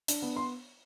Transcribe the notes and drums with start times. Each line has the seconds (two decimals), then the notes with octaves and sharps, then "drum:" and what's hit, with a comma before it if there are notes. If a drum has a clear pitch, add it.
0.08 D4, drum: hi-hat
0.22 B3
0.36 C6